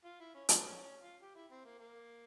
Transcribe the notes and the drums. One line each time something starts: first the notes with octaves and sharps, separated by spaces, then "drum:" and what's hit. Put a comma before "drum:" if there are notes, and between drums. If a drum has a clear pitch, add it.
F4
E4
C#4
C4, drum: hi-hat
C#4
C#4
F4
G4
E4
C4
A#3
A#3